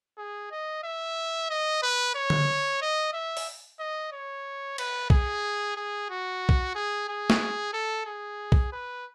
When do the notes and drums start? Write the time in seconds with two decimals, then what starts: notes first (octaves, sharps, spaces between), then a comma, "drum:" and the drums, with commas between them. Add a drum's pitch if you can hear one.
0.18 G#4
0.51 D#5
0.83 E5
1.50 D#5
1.82 B4
2.15 C#5
2.30 drum: tom D3
2.81 D#5
3.13 E5
3.37 drum: open hi-hat
3.79 D#5
4.12 C#5
4.78 B4, drum: cymbal
5.10 G#4, drum: kick B1
5.77 G#4
6.10 F#4
6.49 drum: kick B1
6.75 G#4
7.08 G#4
7.30 drum: snare
7.73 A4
8.06 G#4
8.52 drum: kick B1
8.72 B4